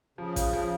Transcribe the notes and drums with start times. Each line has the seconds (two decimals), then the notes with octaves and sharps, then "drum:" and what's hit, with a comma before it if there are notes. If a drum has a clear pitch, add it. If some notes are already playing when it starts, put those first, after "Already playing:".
0.18 C#3 F3
0.36 F3, drum: kick A1, hi-hat
0.53 F3